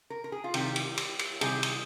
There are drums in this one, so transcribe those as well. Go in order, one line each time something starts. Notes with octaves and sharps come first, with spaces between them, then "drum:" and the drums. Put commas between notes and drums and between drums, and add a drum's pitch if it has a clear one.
A#4
A#4
G#4
F4
C3 D#3 G3 G4, drum: cymbal
drum: cymbal
drum: cymbal
drum: cymbal
C3 D#3 G3 G#4, drum: cymbal
drum: cymbal